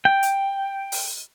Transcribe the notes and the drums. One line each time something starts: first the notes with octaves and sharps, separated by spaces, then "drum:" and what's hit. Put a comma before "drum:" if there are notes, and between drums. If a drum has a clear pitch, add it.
G5
drum: hi-hat
drum: open hi-hat